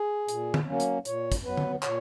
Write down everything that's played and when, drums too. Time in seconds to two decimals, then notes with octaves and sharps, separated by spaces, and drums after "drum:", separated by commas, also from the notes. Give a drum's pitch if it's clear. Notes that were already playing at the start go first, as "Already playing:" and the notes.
Already playing: G#4
0.29 A#2, drum: hi-hat
0.54 drum: tom D3
0.67 F#3 A#3 C#4
0.80 drum: hi-hat
1.05 A#2 C#5, drum: hi-hat
1.32 drum: kick, hi-hat
1.45 F#3 B3 B4
1.57 drum: tom D3
1.83 A#2 C#5, drum: clap